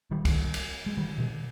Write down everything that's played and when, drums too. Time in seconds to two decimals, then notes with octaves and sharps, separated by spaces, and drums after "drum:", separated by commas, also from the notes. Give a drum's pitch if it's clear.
0.11 D#3 G3
0.25 drum: kick, cymbal
0.54 drum: cymbal
0.86 G#3
0.97 D#3 G3
1.18 B2 D#3